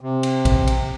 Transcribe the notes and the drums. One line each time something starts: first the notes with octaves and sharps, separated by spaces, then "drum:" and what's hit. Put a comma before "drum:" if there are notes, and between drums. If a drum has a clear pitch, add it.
C3
drum: cymbal
drum: kick, cymbal
drum: cymbal